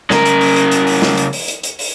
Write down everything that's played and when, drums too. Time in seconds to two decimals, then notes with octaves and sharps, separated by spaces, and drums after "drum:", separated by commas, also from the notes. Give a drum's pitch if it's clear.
0.10 C#3 A#4, drum: snare
0.26 drum: hi-hat
0.41 drum: open hi-hat
0.56 drum: hi-hat
0.71 drum: hi-hat
0.87 drum: open hi-hat
1.02 drum: snare
1.17 drum: hi-hat
1.33 drum: open hi-hat
1.48 drum: hi-hat
1.63 drum: hi-hat
1.79 drum: open hi-hat